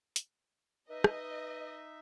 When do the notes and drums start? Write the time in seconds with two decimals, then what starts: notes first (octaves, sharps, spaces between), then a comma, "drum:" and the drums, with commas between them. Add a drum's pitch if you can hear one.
0.16 drum: hi-hat
0.90 D#4 B4 D#5 E5
1.04 drum: rim click